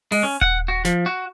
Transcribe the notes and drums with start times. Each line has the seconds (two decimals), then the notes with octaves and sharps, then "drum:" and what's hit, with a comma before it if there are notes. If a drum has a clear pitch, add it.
0.12 G#3, drum: open hi-hat
0.23 C#4
0.41 F#5, drum: kick D#1
0.68 F#4
0.85 F3, drum: snare
1.06 F#4